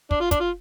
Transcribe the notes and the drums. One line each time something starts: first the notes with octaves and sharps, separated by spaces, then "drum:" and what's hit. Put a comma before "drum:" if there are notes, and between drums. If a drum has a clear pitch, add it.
D4, drum: kick
F4
D4, drum: kick, hi-hat
F4